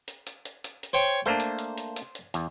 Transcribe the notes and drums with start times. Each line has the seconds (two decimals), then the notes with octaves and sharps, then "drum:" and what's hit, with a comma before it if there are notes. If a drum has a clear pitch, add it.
0.08 drum: hi-hat
0.27 drum: hi-hat
0.45 drum: hi-hat
0.64 drum: hi-hat
0.83 drum: hi-hat
0.93 C5 C#5 G5
1.26 A3 A#3 D4 C5
1.40 drum: hi-hat
1.59 drum: hi-hat
1.78 drum: hi-hat
1.96 drum: hi-hat
2.15 drum: hi-hat
2.34 E2, drum: hi-hat